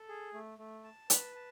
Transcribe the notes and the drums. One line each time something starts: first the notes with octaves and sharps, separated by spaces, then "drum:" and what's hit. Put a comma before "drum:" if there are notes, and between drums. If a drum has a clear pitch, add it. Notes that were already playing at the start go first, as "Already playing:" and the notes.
Already playing: A4
G#4
A3
A3
A5
B4, drum: hi-hat
A5